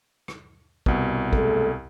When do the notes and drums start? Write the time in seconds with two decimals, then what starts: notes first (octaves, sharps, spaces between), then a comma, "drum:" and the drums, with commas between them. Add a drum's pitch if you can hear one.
0.28 drum: rim click
0.86 C2 B2, drum: kick
1.33 G#3 A3 A4, drum: kick